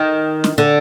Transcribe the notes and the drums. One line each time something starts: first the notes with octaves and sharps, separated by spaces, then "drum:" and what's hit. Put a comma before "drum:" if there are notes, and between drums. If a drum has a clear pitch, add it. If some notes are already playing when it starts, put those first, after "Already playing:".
Already playing: D#3
drum: snare
D3